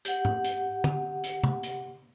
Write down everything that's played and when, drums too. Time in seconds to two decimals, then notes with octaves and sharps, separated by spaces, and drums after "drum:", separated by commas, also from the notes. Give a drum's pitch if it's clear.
0.05 G4 F#5, drum: hi-hat
0.25 drum: tom
0.45 drum: hi-hat
0.84 drum: tom
1.24 drum: hi-hat
1.44 drum: tom
1.63 drum: hi-hat